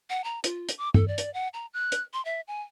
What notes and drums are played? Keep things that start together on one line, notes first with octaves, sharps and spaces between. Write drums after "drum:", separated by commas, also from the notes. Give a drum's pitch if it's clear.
F#5
A#5
F4, drum: hi-hat
drum: hi-hat
D6
A4, drum: tom G2
D5
drum: hi-hat
F#5
A#5
F#6
drum: hi-hat
C6
E5
G#5